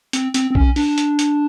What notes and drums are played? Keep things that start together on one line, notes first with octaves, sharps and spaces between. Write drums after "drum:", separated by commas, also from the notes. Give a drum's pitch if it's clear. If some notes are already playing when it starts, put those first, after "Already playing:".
C4, drum: hi-hat
C4, drum: hi-hat
C4
C#4, drum: kick B1
D4, drum: open hi-hat
drum: hi-hat
drum: hi-hat